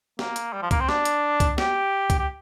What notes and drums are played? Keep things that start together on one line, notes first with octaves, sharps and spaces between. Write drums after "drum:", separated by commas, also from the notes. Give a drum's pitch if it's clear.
A#3, drum: snare
drum: hi-hat
G3
F3
A#3, drum: kick C#2, hi-hat
C4
D4, drum: snare
drum: hi-hat
drum: kick C#2, hi-hat
G4, drum: snare
drum: kick C#2, hi-hat
G4